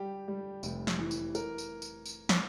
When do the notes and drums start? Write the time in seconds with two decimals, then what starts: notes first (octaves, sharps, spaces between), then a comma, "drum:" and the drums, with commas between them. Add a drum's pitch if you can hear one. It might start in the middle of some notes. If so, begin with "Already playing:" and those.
Already playing: G3 G4
0.28 G3
0.63 F1, drum: tambourine
0.87 drum: snare
0.99 E3
1.11 drum: tambourine
1.35 A#4, drum: tambourine
1.58 drum: tambourine
1.82 drum: tambourine
2.06 drum: tambourine
2.29 drum: snare